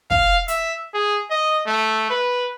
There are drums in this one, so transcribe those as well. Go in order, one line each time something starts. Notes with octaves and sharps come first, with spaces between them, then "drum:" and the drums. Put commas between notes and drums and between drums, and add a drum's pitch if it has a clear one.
F5, drum: kick
E5, drum: hi-hat
G#4
D#5
A3
B4